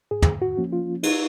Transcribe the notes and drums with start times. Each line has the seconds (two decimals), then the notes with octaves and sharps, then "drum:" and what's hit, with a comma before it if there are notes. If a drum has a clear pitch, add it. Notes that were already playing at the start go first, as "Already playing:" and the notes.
0.11 G#2 G#4
0.22 drum: tom
0.42 F#4
0.58 F3 A#3 C#4
0.73 F4
1.03 D#4, drum: cymbal